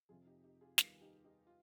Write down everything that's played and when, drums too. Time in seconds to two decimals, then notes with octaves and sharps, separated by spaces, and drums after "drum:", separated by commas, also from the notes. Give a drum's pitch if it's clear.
0.09 F2 C3 F3 F4 G#4
0.26 D#4 G4
0.44 D#4 G4
0.61 F4 G#4
0.78 D#2 D#3 G3 B3 F4 G#4, drum: snare
1.01 D#4 G4
1.24 D#4 G4
1.47 F4